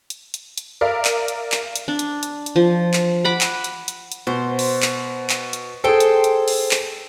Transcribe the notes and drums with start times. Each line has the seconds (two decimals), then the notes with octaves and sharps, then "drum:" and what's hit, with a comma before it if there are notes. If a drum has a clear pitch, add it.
0.10 drum: hi-hat
0.34 drum: hi-hat
0.58 drum: hi-hat
0.81 A#4 D5 E5 F5
1.05 drum: clap
1.28 drum: hi-hat
1.52 drum: clap
1.76 drum: hi-hat
1.88 D4
1.99 drum: hi-hat
2.23 drum: hi-hat
2.46 drum: hi-hat
2.56 F3
2.94 drum: clap
3.24 F#5 B5 D6
3.41 drum: clap
3.64 drum: hi-hat
3.88 drum: hi-hat
4.12 drum: hi-hat
4.27 B2 C5
4.59 drum: open hi-hat
4.82 drum: clap
5.30 drum: clap
5.53 drum: hi-hat
5.84 G#4 A4 C5 G5
6.00 drum: hi-hat
6.24 drum: hi-hat
6.48 drum: open hi-hat
6.71 drum: clap